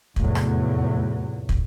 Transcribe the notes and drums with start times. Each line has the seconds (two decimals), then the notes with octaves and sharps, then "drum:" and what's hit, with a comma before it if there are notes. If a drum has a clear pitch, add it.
0.16 F1 E2 A2 F#3, drum: kick
0.35 drum: rim click
1.49 drum: kick